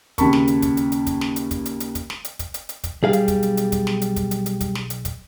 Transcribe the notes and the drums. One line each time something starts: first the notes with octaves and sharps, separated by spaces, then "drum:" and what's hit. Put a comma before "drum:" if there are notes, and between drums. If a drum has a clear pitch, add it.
D#2 C#3 A5 B5 C#6, drum: kick, hi-hat
drum: snare
drum: hi-hat
drum: kick, hi-hat
drum: hi-hat
drum: hi-hat
drum: kick, hi-hat
drum: snare
drum: hi-hat
drum: kick, hi-hat
drum: hi-hat
drum: hi-hat
drum: kick, hi-hat
drum: snare
drum: hi-hat
drum: kick, hi-hat
drum: hi-hat
drum: hi-hat
drum: kick, hi-hat
B1 G3 G#4 F5
drum: hi-hat
drum: kick, hi-hat
drum: hi-hat
drum: hi-hat
drum: kick, hi-hat
drum: snare
drum: hi-hat
drum: kick, hi-hat
drum: hi-hat
drum: hi-hat
drum: kick, hi-hat
drum: snare
drum: hi-hat
drum: kick, hi-hat